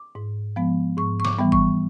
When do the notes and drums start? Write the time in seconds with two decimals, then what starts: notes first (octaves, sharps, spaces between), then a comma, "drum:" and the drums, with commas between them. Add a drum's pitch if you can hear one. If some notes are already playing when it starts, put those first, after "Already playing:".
Already playing: D6
0.15 G#2
0.56 F3 G#3 B3
0.97 G#2 C#6
1.20 C#6
1.25 D6, drum: snare
1.38 E3 G3 B3
1.52 C#6, drum: kick G#1